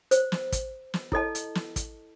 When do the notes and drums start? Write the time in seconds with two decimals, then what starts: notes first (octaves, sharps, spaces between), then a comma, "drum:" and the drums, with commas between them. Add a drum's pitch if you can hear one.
0.11 C5, drum: hi-hat
0.32 drum: snare
0.52 drum: kick, hi-hat
0.94 drum: snare
1.12 E4 A4 D#5 A5, drum: kick
1.35 drum: hi-hat
1.55 drum: snare
1.76 drum: kick, hi-hat